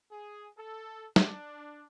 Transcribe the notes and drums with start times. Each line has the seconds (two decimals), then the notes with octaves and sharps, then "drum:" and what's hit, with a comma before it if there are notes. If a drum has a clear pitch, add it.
0.11 G#4
0.57 A4
1.16 D4, drum: snare